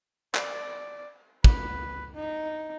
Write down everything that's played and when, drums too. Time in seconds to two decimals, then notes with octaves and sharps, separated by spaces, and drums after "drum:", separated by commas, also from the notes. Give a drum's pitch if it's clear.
0.35 D5, drum: clap
1.44 B4, drum: kick
2.15 D#4